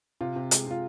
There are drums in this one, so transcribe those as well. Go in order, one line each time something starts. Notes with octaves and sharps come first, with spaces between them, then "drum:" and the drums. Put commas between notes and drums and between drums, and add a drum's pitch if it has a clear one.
C3 F4
C3
G#3, drum: hi-hat
C3 F4